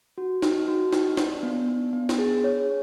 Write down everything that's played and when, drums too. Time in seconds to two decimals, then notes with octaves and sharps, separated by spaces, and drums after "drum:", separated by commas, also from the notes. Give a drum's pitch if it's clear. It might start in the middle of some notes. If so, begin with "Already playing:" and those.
0.18 F#4
0.42 D#4, drum: snare
0.68 F#4
0.93 D#4, drum: snare
1.17 D4, drum: snare
1.43 B3
1.68 D4
1.93 B3
2.09 drum: snare
2.19 G#4
2.44 C#5